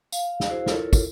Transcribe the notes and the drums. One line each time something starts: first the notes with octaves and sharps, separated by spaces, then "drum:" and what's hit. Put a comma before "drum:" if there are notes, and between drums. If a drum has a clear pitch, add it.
F5, drum: tambourine
drum: snare
E4 F#4 G#4 C5 F5
E4 F4 A4 A#4 C#5, drum: snare
drum: kick, tambourine